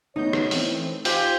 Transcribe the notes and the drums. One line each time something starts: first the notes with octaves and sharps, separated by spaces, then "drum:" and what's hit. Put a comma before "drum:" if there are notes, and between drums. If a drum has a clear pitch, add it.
A3 B3 D#4 C#5 G6
drum: rim click
E3 A3 C4, drum: open hi-hat
F4 G4 C5 G#5, drum: open hi-hat